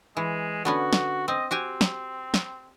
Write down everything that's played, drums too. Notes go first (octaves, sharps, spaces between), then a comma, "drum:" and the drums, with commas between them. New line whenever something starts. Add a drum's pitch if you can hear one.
E3 G#3
D3 B3 C#4 F#4
drum: snare
C4 D#5
C4 F#4 G4 G#5
drum: snare
drum: snare